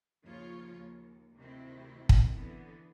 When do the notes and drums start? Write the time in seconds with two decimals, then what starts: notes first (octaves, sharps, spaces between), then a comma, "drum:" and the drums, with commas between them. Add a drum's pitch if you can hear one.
0.23 D#2 C#3 F3 F4 C#5
0.75 D#2
1.35 D2 C3 D#3 A3 C4 E4
2.09 drum: kick
2.34 D3 E3 B3